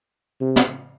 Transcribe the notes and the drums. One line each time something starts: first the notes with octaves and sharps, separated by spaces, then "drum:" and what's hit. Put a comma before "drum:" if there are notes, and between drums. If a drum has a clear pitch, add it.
C3
drum: snare